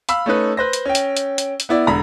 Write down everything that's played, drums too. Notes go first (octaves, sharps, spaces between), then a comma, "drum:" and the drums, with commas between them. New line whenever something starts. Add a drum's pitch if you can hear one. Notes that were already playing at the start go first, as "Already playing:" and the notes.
F5 B5 E6, drum: hi-hat
A3 C#4 D#4 B4
B4 C5 A#6
drum: hi-hat
C#4 G5
drum: hi-hat
drum: hi-hat
drum: hi-hat
drum: hi-hat
B3 E4 D5
E1 D3 A#5 B5